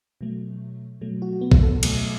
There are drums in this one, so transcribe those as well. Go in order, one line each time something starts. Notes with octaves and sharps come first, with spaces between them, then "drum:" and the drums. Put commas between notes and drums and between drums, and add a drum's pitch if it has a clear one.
B2 F#3 A3
B2 F#3 A3
F#4
B3
drum: kick
A4
B2 F#3 A3, drum: cymbal